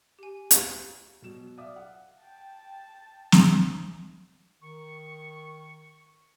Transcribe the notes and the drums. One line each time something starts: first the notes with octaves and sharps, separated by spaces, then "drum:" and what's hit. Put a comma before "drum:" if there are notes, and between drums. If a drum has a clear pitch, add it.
G4 G#5
drum: hi-hat
B2 F#3 E7
D5 E5 F5 D6 D#6
F5 F#5
G5 A5
drum: snare
D#3 C#6